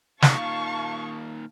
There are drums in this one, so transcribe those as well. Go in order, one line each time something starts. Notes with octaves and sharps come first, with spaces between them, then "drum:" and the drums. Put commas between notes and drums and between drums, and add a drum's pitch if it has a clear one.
A#2 D#3 F5 A5 C#6, drum: snare